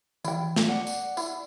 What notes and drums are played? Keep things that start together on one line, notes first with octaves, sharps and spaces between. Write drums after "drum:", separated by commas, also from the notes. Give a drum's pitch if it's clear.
E3 E4 G5, drum: tambourine
drum: snare
D5 F#5
drum: tambourine
E4, drum: tambourine